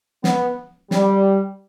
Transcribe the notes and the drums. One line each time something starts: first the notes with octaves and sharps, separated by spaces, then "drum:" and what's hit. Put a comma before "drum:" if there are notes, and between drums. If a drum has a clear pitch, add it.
B3, drum: snare
G3, drum: snare